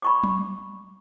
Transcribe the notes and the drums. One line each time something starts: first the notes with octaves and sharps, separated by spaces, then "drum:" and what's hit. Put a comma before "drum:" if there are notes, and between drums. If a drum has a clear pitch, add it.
B5 C#6 D6
drum: tom F#3